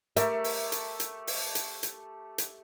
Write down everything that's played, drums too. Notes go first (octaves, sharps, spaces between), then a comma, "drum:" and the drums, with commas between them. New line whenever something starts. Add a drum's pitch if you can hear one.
A3 G4 A4 A#4 E5, drum: hi-hat
drum: open hi-hat
drum: hi-hat
drum: hi-hat
drum: open hi-hat
drum: hi-hat
drum: hi-hat
drum: hi-hat